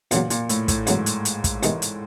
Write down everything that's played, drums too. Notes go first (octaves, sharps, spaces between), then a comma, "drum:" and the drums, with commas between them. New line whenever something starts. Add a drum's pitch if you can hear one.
E2 A#2 C#3 F#3, drum: hi-hat
A#2, drum: hi-hat
A2, drum: hi-hat
A2, drum: kick, hi-hat
E2 G#2 C#3 F#3, drum: hi-hat
drum: hi-hat
drum: hi-hat
drum: kick, hi-hat
E2 C3 D#3 G#3, drum: hi-hat
drum: hi-hat